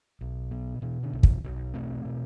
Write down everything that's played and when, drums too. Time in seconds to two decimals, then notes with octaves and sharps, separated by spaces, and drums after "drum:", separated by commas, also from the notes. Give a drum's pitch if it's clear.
0.21 B1
0.51 B2
0.82 B2 E3
1.03 D3
1.13 B1
1.23 E3, drum: kick
1.44 B1
1.74 B2 A3 C4
2.05 B2